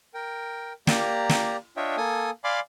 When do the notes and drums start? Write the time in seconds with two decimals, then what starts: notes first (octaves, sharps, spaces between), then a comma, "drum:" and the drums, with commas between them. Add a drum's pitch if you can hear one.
0.14 A#4 G5
0.87 A#3 G4 D5 A#5, drum: snare
1.29 drum: snare
1.77 D4 F4 C#5 D#5 E5 G5
1.97 A#3 A4 G#5 D#6
2.44 D5 F5 G#5 B5 C6 D6